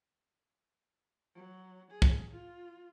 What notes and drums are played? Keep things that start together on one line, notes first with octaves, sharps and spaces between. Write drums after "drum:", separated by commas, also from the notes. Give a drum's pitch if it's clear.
F#3
G#4
drum: kick
F4